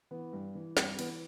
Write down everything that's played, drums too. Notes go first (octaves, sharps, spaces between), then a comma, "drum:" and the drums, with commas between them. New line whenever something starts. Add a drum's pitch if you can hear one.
E3 B3
G2
E3
G2 C4, drum: snare
E3 B3, drum: cymbal